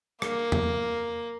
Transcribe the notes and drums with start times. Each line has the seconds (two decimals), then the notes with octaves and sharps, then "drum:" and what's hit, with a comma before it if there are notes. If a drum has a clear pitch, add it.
0.22 A#3, drum: rim click
0.52 drum: tom